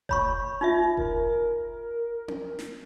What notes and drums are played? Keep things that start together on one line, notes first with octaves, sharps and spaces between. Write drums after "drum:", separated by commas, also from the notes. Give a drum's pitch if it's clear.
C#5 B5 C#6, drum: kick F1
D#4 F4 E5
A#4, drum: kick F1
drum: tom C4
drum: snare